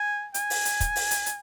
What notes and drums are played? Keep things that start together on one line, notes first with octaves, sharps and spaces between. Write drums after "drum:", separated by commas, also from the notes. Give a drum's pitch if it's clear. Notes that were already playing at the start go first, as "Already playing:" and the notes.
Already playing: G#5
G#5, drum: hi-hat
drum: open hi-hat
drum: hi-hat
drum: kick, hi-hat
drum: open hi-hat
drum: hi-hat
drum: hi-hat